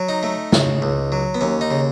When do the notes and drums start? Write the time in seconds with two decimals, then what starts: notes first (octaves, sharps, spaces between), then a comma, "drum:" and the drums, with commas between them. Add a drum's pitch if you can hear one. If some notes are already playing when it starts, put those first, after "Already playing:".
Already playing: F#3
0.09 D#4
0.23 A3
0.52 C#3, drum: snare
0.82 C#2
1.12 F#3
1.34 B3
1.41 D#2 C#4
1.61 D#4
1.71 C#3